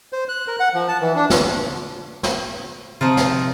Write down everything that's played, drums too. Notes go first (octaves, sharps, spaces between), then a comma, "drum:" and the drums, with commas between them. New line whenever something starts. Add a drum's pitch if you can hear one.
C5
F#6
A#4
F#5
F3
A5
E3
D4
D2, drum: snare
drum: snare
C3 F3 D#4 F4
drum: snare